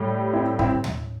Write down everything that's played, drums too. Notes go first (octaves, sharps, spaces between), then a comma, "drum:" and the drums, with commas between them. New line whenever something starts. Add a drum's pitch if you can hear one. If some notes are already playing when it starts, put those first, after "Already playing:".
Already playing: A2 G3
C4 E4
C4 E4, drum: kick
drum: tom